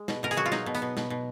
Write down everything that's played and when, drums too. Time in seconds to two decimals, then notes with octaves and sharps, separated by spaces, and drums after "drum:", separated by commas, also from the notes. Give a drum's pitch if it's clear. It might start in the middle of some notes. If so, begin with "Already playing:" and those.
Already playing: G#3
0.08 B2, drum: snare
0.23 B2 A#4
0.31 G#4, drum: hi-hat
0.37 F#3 F#4
0.46 F4
0.52 F#3 D#4, drum: snare
0.66 B2
0.75 B3, drum: hi-hat
0.82 B2
0.97 B2, drum: snare
1.10 B2